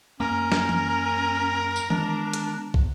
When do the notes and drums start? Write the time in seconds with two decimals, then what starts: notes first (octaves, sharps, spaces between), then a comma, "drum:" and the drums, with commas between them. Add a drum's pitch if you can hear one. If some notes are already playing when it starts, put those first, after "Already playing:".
0.20 F#2 A#3 C#4 A#4
0.52 drum: snare
0.69 drum: tom E3
1.76 drum: tambourine
1.90 D#3 G#3 B3 D4, drum: tom E3
2.33 drum: hi-hat
2.74 drum: kick